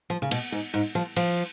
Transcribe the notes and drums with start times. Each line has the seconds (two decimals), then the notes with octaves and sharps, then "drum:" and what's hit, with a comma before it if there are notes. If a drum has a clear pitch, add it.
0.10 F3
0.22 C#3
0.31 B2, drum: cymbal
0.52 G#2
0.74 G#2
0.95 F3
1.17 F3, drum: cymbal